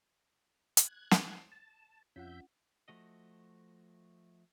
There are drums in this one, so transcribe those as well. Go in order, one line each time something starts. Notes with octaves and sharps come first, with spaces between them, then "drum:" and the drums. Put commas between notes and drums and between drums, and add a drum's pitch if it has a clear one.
F#6 G#6, drum: hi-hat
drum: snare
A5
F2 C#4 F4 E5 F#5 G6
F3 A3 F#4 D#5